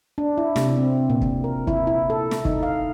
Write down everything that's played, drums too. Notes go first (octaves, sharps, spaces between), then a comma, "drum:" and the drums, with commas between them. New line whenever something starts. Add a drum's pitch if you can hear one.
D4
E4
C3, drum: snare
C4
A#2
drum: kick
A#4
E4, drum: kick
E4
A4
drum: snare
D#4, drum: kick
F5